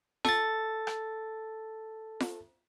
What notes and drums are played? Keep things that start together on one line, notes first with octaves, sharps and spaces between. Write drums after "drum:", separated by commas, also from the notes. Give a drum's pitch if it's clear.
A4 A6, drum: snare F4
drum: rim click
drum: snare F4